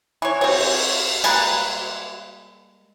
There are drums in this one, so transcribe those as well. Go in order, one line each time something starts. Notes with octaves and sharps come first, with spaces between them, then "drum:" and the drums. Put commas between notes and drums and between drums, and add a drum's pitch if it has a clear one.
E3 C#5
C4 C#5, drum: cymbal
drum: cymbal
G3 G#3 A#3 B4, drum: cymbal